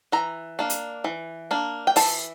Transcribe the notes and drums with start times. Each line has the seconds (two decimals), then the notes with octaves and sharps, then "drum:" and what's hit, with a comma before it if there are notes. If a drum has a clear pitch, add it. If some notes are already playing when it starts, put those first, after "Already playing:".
0.12 E3 A#5
0.59 A#3 D4
0.70 drum: hi-hat
1.04 E3
1.51 A#3 D4
1.87 G5
1.96 E3 A5, drum: open hi-hat